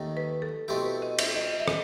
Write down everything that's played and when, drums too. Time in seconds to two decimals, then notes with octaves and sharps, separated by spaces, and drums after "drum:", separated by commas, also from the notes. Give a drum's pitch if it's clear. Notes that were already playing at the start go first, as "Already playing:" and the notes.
Already playing: D#2 D#3 A3
0.17 B4
0.42 A4
0.68 B2 A3 C4 E4 G4
0.84 B4
1.02 D#5
1.19 E5, drum: cymbal
1.36 D#5
1.53 D#5
1.60 E5
1.68 D#5, drum: rim click